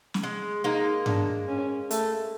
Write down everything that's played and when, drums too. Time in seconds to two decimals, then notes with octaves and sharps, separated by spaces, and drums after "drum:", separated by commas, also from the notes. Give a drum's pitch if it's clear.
0.14 drum: snare
0.23 G#3
0.64 G#3 A#3 D#4
1.06 D4, drum: tom G2
1.48 C#4
1.91 A3, drum: hi-hat